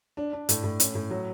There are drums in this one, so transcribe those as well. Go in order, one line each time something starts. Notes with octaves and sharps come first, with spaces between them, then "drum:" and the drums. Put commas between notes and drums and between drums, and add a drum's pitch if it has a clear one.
D4
D4
A2, drum: hi-hat
A2
C#4, drum: hi-hat
A2
F#3